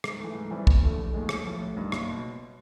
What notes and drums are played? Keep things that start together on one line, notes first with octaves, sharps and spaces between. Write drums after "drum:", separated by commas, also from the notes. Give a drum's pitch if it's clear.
G#2, drum: rim click
E3 A3
G#2
E3 G3 C4
D#2, drum: kick
D3 F3 A3
F1
D#2 D#3 G#3
B1, drum: rim click
A2 F3
A1
G2 D#3
F#1, drum: rim click
B2